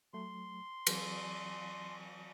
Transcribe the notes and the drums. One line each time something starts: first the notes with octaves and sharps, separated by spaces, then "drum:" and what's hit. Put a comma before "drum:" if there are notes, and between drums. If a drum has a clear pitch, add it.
F#3 A3 C6
E3 F#3 C4, drum: cymbal